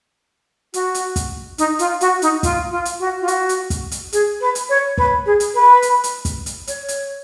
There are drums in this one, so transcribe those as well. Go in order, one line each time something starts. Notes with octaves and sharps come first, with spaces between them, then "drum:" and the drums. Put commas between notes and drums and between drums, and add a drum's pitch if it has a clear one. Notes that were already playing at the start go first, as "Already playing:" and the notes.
F#4, drum: hi-hat
drum: hi-hat
drum: kick, hi-hat
D#4, drum: hi-hat
F4, drum: hi-hat
F#4, drum: hi-hat
D#4, drum: hi-hat
F4, drum: kick, hi-hat
F4
drum: hi-hat
F#4
F4
F#4, drum: hi-hat
drum: hi-hat
drum: kick, hi-hat
drum: hi-hat
G#4, drum: hi-hat
B4
drum: hi-hat
C#5
B4, drum: kick
G#4
drum: hi-hat
B4
drum: hi-hat
drum: hi-hat
drum: kick, hi-hat
drum: hi-hat
C#5, drum: hi-hat
drum: hi-hat